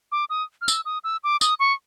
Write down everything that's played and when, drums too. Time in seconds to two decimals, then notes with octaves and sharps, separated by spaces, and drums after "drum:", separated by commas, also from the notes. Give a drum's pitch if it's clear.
0.12 D6
0.30 D#6
0.61 F6
0.68 E6, drum: tambourine
0.85 D#6
1.04 E6
1.24 D6
1.41 D#6, drum: tambourine
1.60 C#6